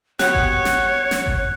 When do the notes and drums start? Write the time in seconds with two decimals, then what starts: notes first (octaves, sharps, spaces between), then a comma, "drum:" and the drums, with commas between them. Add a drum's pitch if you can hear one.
0.19 B3 F#4 G4 C#5 F#6, drum: snare
0.35 drum: kick G1
0.65 drum: snare
1.11 drum: snare
1.26 drum: kick G1